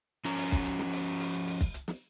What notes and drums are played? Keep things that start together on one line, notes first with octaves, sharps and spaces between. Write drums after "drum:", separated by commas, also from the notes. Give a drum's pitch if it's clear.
F3 C#4 A#5, drum: hi-hat
drum: open hi-hat
drum: kick, hi-hat
drum: hi-hat
drum: snare
drum: open hi-hat
drum: open hi-hat
drum: hi-hat
drum: open hi-hat
drum: kick, hi-hat
drum: hi-hat
drum: snare